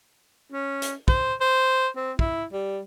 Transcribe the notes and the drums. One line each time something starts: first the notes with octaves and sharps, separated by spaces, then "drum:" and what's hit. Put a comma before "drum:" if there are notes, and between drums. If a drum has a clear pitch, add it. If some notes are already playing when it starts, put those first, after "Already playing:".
C#4
drum: hi-hat
C5, drum: kick
C5
C4
E4, drum: kick
G3